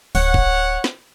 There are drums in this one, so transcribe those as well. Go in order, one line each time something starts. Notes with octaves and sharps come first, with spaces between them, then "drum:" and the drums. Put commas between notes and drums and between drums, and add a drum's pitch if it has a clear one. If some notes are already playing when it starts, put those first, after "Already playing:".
D1 C#5 F#5, drum: open hi-hat
drum: kick
drum: snare